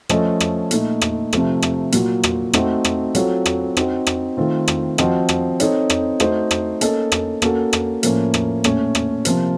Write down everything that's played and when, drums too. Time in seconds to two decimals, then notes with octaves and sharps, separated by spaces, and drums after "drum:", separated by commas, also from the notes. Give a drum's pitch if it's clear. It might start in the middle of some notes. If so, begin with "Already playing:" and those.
0.09 F3 A3 C#4 A4 D#5, drum: rim click
0.40 drum: rim click
0.71 A#2 A3 D#4, drum: hi-hat
1.01 drum: rim click
1.33 C3 F3 A3, drum: rim click
1.62 drum: rim click
1.92 A#2 F#3 A#3 F4, drum: hi-hat
2.23 drum: rim click
2.53 A3 C4 D#4 F#4, drum: rim click
2.85 drum: rim click
3.15 F#3 C4 F4 A4 C#5, drum: hi-hat
3.46 drum: rim click
3.77 C4 D#4 F#4, drum: rim click
4.07 drum: rim click
4.37 D#3 A3 C4 F4
4.68 drum: rim click
4.98 F3 C4 F#4 C5 D#5, drum: rim click
5.29 drum: rim click
5.60 C4 D#4 A4 C#5, drum: hi-hat
5.90 drum: rim click
6.20 A3 D#4 F#4 C5 D#5, drum: rim click
6.51 drum: rim click
6.81 A#3 C#4 A4 D#5, drum: hi-hat
7.12 drum: rim click
7.42 A#3 C#4 F#4 A4, drum: rim click
7.73 drum: rim click
8.03 A2 F3 A#3 C#4, drum: hi-hat
8.34 drum: rim click
8.64 A#2 A3 C#4, drum: rim click
8.95 drum: rim click
9.25 C3 F3 A#3, drum: hi-hat